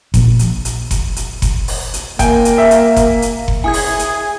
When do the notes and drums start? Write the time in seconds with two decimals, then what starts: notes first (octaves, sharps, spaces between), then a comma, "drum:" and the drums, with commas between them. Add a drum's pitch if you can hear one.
0.14 A#1, drum: kick F#1, hi-hat
0.39 drum: hi-hat
0.65 drum: hi-hat
0.91 drum: kick F#1, hi-hat
1.16 drum: hi-hat
1.42 drum: kick F#1, hi-hat
1.68 drum: open hi-hat
1.94 drum: hi-hat
2.19 A#3 G5 G#5, drum: kick F#1, hi-hat
2.45 drum: hi-hat
2.58 E5
2.71 drum: hi-hat
2.96 drum: kick F#1, hi-hat
3.22 drum: hi-hat
3.48 drum: kick F#1
3.64 E4 G#4 G#5 D#6 G#6
3.74 drum: open hi-hat
3.99 drum: hi-hat